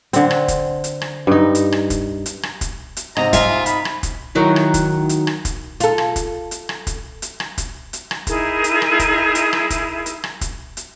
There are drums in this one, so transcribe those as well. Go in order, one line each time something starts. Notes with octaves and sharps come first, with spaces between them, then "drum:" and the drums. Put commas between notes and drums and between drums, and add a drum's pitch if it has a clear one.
D3 C4, drum: hi-hat
drum: rim click
drum: kick, hi-hat
drum: hi-hat
drum: rim click
G2 D#4
drum: hi-hat
drum: rim click
drum: kick, hi-hat
drum: hi-hat
drum: rim click
drum: kick, hi-hat
drum: hi-hat
G#2 C3 C4 D#5 A#5, drum: rim click
F4 E5 G#5, drum: kick, hi-hat
D#4 B5, drum: hi-hat
drum: rim click
drum: kick, hi-hat
D#3 F#3 E4
drum: rim click
drum: kick, hi-hat
drum: hi-hat
drum: rim click
drum: kick, hi-hat
F4 A4, drum: hi-hat
drum: rim click
drum: kick, hi-hat
drum: hi-hat
drum: rim click
drum: kick, hi-hat
drum: hi-hat
drum: rim click
drum: kick, hi-hat
drum: hi-hat
drum: rim click
D#4 E4 G#4 A#4, drum: kick, hi-hat
drum: hi-hat
drum: rim click
drum: kick, hi-hat
drum: hi-hat
drum: rim click
drum: kick, hi-hat
drum: hi-hat
drum: rim click
drum: kick, hi-hat
drum: hi-hat